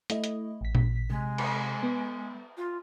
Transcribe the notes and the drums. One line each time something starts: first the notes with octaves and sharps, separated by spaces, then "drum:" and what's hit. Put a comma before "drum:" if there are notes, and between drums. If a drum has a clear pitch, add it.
A3 E4 D#5, drum: hi-hat
drum: hi-hat
A1 B6
drum: tom A#2
C3 G#3
drum: cymbal
B3
F4